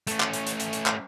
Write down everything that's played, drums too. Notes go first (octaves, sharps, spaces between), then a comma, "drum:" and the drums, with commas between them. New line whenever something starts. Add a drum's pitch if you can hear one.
A3 C#4, drum: hi-hat
drum: clap
drum: hi-hat
drum: hi-hat
drum: hi-hat
drum: hi-hat
drum: clap